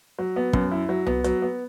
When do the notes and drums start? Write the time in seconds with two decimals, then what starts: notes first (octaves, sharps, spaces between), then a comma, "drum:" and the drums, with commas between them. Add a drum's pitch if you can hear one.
0.19 F#3
0.36 B3
0.53 F#2, drum: kick
0.71 E4
0.89 F#3
1.06 B3, drum: tom C2
1.24 F#3, drum: hi-hat
1.42 B3